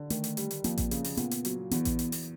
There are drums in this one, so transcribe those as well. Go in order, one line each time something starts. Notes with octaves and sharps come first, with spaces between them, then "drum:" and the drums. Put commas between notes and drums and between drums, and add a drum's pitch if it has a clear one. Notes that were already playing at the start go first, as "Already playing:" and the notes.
Already playing: D3
D#3 A3, drum: hi-hat
drum: hi-hat
G3, drum: hi-hat
drum: hi-hat
F2 A#3, drum: hi-hat
drum: kick A1, hi-hat
C#3, drum: hi-hat
drum: open hi-hat
A#2 B3, drum: hi-hat
drum: hi-hat
F#3, drum: hi-hat
E2 B3, drum: hi-hat
drum: kick A1, hi-hat
drum: hi-hat
drum: open hi-hat